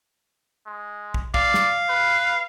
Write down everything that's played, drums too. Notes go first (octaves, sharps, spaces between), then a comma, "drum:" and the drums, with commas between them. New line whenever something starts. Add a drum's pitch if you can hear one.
G#3
drum: kick
D5 F5, drum: kick
drum: snare
B4